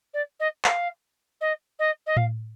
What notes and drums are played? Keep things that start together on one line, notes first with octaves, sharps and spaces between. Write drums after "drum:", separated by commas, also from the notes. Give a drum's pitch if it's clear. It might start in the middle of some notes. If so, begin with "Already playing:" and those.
D5
D#5
F5, drum: clap
D#5
D#5
D#5
F5, drum: tom A2